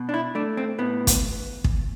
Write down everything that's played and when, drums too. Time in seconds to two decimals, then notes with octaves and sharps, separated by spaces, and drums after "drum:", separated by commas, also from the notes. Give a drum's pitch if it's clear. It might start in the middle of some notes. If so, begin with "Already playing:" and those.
Already playing: B2
0.09 D4
0.14 E4
0.35 A3 D4
0.57 C4
0.78 A2 B3
1.07 drum: kick, hi-hat
1.64 drum: kick